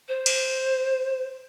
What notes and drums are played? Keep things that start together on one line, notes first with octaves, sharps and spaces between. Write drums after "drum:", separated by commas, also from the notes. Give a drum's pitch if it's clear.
C5
drum: cymbal